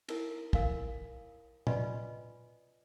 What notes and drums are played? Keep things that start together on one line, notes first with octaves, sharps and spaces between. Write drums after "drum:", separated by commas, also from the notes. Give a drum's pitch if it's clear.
D#4 E4 A#4, drum: cymbal
A#4 F5 G#5, drum: kick
F4 B4 D5 D#5 G#5, drum: tom